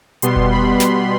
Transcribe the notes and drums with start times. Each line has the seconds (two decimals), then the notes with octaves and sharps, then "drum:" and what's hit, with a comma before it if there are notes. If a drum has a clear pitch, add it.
0.22 B2 G3 B3 C6, drum: hi-hat
0.36 drum: kick F1
0.52 B5
0.80 C6, drum: snare